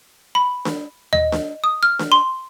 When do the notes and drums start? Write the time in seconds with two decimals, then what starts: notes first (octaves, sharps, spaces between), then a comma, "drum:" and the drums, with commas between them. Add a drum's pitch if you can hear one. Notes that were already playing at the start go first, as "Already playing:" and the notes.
0.35 B5
0.65 drum: snare D4
1.13 D#5, drum: tom D#2
1.32 drum: snare D4
1.64 D#6
1.83 F6
1.99 drum: snare D4
2.12 C6